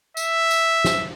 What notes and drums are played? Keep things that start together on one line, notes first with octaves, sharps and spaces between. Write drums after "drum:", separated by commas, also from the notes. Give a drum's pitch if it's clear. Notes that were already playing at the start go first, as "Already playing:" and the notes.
E5, drum: tambourine
drum: tambourine
drum: snare